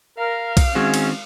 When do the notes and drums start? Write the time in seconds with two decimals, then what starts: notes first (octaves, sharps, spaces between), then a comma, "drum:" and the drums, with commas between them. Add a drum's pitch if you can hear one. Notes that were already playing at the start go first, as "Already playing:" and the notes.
0.18 A#4 F5
0.57 drum: kick B1, cymbal
0.75 D#3 G#3 C4 C#4 F#4
0.94 drum: cymbal